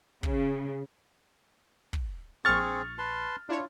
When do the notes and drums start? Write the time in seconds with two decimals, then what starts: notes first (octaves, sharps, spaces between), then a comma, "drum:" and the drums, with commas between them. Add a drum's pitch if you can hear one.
0.23 C#3, drum: kick
1.93 drum: kick
2.45 A#1 C4 G#4 C#6 F6 A6
2.98 B4 A5 C6
3.49 D4 E4 F4 C#5